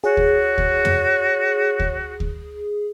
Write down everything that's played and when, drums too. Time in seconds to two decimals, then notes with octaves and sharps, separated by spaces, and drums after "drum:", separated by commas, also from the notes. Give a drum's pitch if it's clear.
0.04 F#4 G#4 C#5
0.17 drum: kick D2
0.58 drum: kick D2
0.85 drum: tom
1.80 drum: kick D2
2.20 drum: kick D2